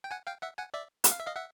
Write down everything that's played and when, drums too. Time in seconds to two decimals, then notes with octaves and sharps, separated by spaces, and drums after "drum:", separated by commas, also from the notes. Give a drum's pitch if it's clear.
0.04 G5
0.11 F#5 G#5
0.27 F5 G5
0.42 E5 F#5
0.58 F#5 G#5
0.74 D5 E5
1.04 F#5, drum: hi-hat
1.12 F5
1.20 E5
1.27 D#5 F5
1.36 E5 F#5